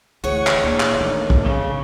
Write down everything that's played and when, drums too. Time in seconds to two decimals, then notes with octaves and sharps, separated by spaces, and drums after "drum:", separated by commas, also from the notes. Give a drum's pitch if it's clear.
0.24 D2 E3 G#4 C#5 F#5 C#6
0.47 drum: clap
0.64 A#2 E3 D4
0.80 drum: clap
1.00 D#3 A3 A#3 C#4
1.30 drum: kick
1.43 C#3